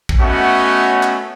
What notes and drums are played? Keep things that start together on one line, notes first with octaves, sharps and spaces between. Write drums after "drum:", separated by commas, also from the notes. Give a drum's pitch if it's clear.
drum: kick A#1
A3 B3 C#4 F#4 D#5 F#5
drum: clap